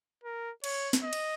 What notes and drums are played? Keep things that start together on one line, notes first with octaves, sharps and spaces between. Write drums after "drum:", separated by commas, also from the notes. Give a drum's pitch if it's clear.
A#4
C#5, drum: cymbal
drum: snare
D#5
drum: cymbal